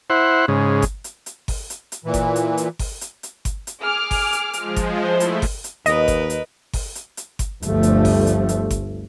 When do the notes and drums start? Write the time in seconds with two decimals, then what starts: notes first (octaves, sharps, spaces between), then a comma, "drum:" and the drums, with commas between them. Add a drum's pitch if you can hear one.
0.10 E4 C5 F#5
0.48 G#2 C#3
0.82 drum: kick G1, hi-hat
1.04 drum: hi-hat
1.26 drum: hi-hat
1.48 drum: kick G1, open hi-hat
1.70 drum: hi-hat
1.92 drum: hi-hat
2.05 A#2 E3
2.14 drum: kick G1, hi-hat
2.36 drum: hi-hat
2.57 drum: hi-hat
2.79 drum: kick G1, open hi-hat
3.01 drum: hi-hat
3.23 drum: hi-hat
3.45 drum: kick G1, hi-hat
3.67 drum: hi-hat
3.82 G#4 D6 F6
4.11 drum: kick G1, open hi-hat
4.33 drum: hi-hat
4.53 F3 G#3, drum: hi-hat
4.76 drum: kick G1, hi-hat
5.06 A3 E4 C5
5.20 drum: hi-hat
5.42 drum: kick G1, open hi-hat
5.64 drum: hi-hat
5.86 D#2 A#4 B4 D#5, drum: hi-hat
6.08 drum: kick G1, hi-hat
6.30 drum: hi-hat
6.73 drum: kick G1, open hi-hat
6.95 drum: hi-hat
7.17 drum: hi-hat
7.39 drum: kick G1, hi-hat
7.62 G1 D2 F3 G3 A3, drum: hi-hat
7.83 drum: hi-hat
8.05 drum: kick G1, open hi-hat
8.27 drum: hi-hat
8.49 drum: hi-hat
8.70 drum: kick G1, hi-hat